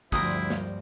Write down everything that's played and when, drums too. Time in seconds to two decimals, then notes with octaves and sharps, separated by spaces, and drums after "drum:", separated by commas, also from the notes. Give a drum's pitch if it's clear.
0.12 D2 G2 F3 G3 E4 A#4 C5 D#6, drum: kick, hi-hat
0.31 drum: hi-hat
0.50 drum: snare